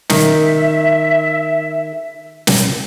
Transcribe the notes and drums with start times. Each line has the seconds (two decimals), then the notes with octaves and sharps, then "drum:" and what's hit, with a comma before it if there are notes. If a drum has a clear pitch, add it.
0.10 D#3 E5, drum: snare
2.47 drum: snare